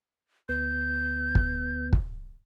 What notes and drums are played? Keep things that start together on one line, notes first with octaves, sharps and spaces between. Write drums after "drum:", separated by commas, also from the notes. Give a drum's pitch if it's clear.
D2 B3 G6
drum: kick
drum: kick